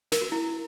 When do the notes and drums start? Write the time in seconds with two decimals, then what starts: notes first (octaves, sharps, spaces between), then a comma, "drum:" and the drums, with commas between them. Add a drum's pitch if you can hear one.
0.12 A#4, drum: snare
0.21 F#4
0.32 E4